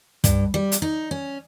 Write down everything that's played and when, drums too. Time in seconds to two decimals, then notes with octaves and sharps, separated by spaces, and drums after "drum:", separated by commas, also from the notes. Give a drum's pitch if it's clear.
0.24 G2, drum: kick, hi-hat
0.54 G3
0.72 drum: hi-hat
0.82 D#4
1.11 C#4